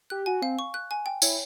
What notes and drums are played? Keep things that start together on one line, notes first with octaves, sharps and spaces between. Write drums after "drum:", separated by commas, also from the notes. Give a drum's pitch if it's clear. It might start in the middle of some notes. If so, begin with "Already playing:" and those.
G4 F#6
F#4 G#5
C4 F5
C#6
F#6
G#5
G5
E4 C#5, drum: tambourine